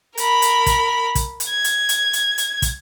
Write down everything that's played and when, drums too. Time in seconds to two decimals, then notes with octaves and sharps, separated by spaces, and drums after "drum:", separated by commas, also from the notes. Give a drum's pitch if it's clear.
0.17 A#4 B5, drum: hi-hat
0.42 drum: hi-hat
0.66 drum: kick, hi-hat
1.15 drum: kick, hi-hat
1.40 drum: hi-hat
1.49 G#6
1.64 drum: hi-hat
1.89 drum: hi-hat
2.13 drum: hi-hat
2.38 drum: hi-hat
2.62 drum: kick, hi-hat